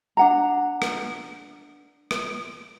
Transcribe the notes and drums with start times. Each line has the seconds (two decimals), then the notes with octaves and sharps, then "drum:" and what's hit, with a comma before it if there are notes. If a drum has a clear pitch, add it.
0.17 D4 F#5 A#5
0.82 drum: rim click
2.11 drum: rim click